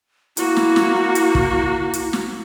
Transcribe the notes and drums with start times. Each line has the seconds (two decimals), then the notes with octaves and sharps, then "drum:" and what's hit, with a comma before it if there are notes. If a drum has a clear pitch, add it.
0.37 A#3 E4 F#4, drum: hi-hat
0.56 drum: snare
0.76 drum: snare
0.95 E4
1.15 drum: hi-hat
1.35 drum: kick
1.93 drum: hi-hat
2.13 drum: snare